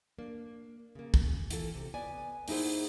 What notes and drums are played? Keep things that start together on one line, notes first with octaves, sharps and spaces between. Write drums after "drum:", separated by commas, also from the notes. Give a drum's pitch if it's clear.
A#3 D4
C#3 A#3
drum: kick
E3 F4 A4, drum: hi-hat
C3
B3 D5 G#5
A#3 D#4 E4 G#4 C5, drum: open hi-hat